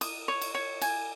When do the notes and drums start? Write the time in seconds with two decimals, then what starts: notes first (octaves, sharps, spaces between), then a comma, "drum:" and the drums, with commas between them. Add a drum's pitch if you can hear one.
0.01 D#6, drum: cymbal
0.28 C#5
0.42 drum: cymbal
0.55 C#5
0.82 G#5, drum: cymbal